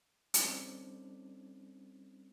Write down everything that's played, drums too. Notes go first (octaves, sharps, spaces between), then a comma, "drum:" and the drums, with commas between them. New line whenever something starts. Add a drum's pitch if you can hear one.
G3 C4 C#4 D#4 A4 D5, drum: hi-hat